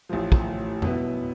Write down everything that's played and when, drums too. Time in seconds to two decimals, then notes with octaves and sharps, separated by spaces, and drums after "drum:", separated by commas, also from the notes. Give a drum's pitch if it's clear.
0.09 A1 A2 F3
0.32 drum: kick
0.82 B2 B3 E4, drum: tom F2